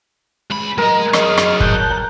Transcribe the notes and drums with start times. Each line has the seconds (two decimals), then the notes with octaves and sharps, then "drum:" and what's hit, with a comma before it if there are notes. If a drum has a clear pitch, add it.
0.51 C#2 G#3 B5
0.78 F#3 G#3 A#4 D#5
1.13 F#3 G#4 D#5 F6, drum: rim click
1.37 drum: rim click
1.60 A5 F#6 G6, drum: kick G1
1.90 A#5